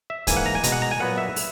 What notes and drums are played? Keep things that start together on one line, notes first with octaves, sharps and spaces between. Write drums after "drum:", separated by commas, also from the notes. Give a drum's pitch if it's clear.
E5
G#2 E3 A#3 C#4 G#5, drum: kick, hi-hat
F#5
A#5
G#5
B2 G#3 B3 A#5, drum: hi-hat
F#5
A#5
G#5
A#2 F#3 B3 F#5
E5
drum: open hi-hat